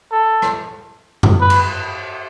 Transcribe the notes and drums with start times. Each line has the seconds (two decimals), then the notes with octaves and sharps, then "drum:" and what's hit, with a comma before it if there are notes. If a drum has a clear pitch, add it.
0.12 A4
0.42 drum: rim click
1.23 drum: tom F#2
1.41 B4
1.50 drum: cymbal